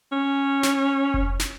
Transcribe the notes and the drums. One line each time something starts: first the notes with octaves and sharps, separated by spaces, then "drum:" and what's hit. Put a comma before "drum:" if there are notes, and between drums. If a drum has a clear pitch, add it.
C#4
drum: snare
drum: kick F1
drum: snare